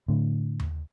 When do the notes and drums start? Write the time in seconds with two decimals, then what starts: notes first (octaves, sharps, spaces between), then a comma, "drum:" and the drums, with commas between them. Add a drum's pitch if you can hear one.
0.08 A2 D3
0.60 drum: tom D#2